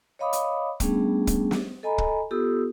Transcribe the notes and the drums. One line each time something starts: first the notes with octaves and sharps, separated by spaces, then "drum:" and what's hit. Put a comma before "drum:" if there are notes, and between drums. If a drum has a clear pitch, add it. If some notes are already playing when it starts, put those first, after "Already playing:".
C#5 D#5 F5 B5 D6 D#6
drum: hi-hat
G3 A3 B3 C#4 D4 G#4, drum: kick, hi-hat
drum: kick, hi-hat
drum: snare
A4 D#5 G#5 A#5 B5
drum: kick
B3 F4 G4 A4 D#6 E6